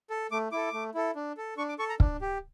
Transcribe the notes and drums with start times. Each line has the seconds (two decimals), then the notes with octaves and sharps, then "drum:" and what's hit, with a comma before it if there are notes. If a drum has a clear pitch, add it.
0.10 A4
0.32 A3 D6
0.52 E4 A4 D6
0.73 A3
0.95 E4 A4
1.15 D4
1.37 A4
1.57 D4 C#6
1.69 D6
1.79 A4 C#6
1.89 A#5
2.00 D4, drum: kick
2.21 G4